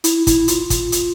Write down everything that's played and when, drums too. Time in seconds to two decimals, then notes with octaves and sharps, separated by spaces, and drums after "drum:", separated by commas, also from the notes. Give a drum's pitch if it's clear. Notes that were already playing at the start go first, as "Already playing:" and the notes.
0.04 E4, drum: hi-hat
0.27 E4, drum: kick, hi-hat
0.48 F4, drum: hi-hat
0.70 drum: kick, hi-hat
0.92 drum: hi-hat